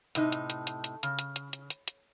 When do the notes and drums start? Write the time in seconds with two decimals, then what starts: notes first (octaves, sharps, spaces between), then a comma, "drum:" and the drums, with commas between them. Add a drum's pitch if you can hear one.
0.15 A2 C3 D#4, drum: hi-hat
0.32 drum: hi-hat
0.50 drum: hi-hat
0.67 drum: hi-hat
0.84 drum: hi-hat
1.03 C#3, drum: hi-hat
1.19 drum: hi-hat
1.36 drum: hi-hat
1.53 drum: hi-hat
1.70 drum: hi-hat
1.88 drum: hi-hat